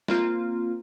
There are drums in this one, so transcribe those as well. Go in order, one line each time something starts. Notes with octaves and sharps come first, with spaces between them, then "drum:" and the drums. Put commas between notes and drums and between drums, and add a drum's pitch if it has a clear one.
A#3 C4 F4, drum: snare